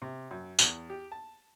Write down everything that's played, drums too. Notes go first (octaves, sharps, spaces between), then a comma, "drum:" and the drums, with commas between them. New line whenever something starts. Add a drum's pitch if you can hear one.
C3
F#2
E2, drum: tambourine
G4
A5